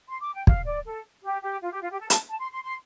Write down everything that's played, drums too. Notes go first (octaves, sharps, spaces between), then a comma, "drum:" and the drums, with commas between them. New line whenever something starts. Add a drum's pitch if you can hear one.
C6
D6
G5
F5, drum: kick
D5
A4
G4
G4
F4
G4
F4
G4
A4
A5, drum: hi-hat
A5
C6
C6
C6